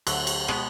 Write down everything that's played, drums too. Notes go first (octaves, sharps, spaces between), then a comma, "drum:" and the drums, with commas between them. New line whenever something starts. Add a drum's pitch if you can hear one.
D2 D3 F#3, drum: cymbal
drum: cymbal
B2 G#3 B3, drum: rim click